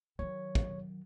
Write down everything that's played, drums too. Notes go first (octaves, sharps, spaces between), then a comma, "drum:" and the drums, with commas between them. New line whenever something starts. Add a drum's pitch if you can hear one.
D#3 F#3 C#5
drum: kick